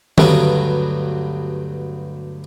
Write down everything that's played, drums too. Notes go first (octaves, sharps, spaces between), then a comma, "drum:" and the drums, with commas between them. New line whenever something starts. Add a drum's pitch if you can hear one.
D2 G2 F#3 G3 B3, drum: tom D#3